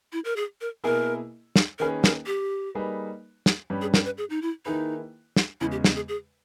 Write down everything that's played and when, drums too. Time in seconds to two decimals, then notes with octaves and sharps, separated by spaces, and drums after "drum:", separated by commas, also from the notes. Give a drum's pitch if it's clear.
0.13 E4
0.25 A#4
0.36 G#4
0.61 A#4
0.84 B2 A#3 E4 G#4 A#4
1.56 drum: snare
1.79 D#3 A#3 C#4 G#4 A#4 B4
2.04 A#4, drum: snare
2.26 G4
2.75 G3 A#3 D#4 G#4 B4
3.46 drum: snare
3.70 G2 G3 C#4 G4 B4
3.82 G#4
3.94 A#4, drum: snare
4.06 B4
4.18 G#4
4.30 D#4
4.42 E4
4.66 D#3 A#3 D#4 E4 G#4 B4
5.36 drum: snare
5.61 E2 C#3 G#3 E4
5.72 G4
5.84 G#4, drum: snare
5.95 G#4
6.08 G#4